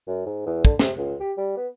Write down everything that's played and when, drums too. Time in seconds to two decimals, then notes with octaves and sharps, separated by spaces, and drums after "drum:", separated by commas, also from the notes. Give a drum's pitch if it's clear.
0.07 F#2
0.26 G#2
0.46 E2
0.65 D3, drum: kick
0.79 C3, drum: snare
0.97 C#2
1.20 G4
1.37 G3
1.57 B3